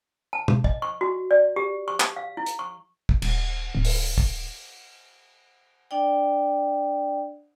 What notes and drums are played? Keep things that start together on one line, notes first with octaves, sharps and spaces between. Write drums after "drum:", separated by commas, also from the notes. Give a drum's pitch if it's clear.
A5
drum: tom
D#5, drum: kick
C#6
F#4
D5
G4
C#6
drum: clap
F5
E4
drum: hi-hat
C#6
drum: kick
D#1, drum: cymbal
D1
drum: open hi-hat
drum: kick
D4 D5 G5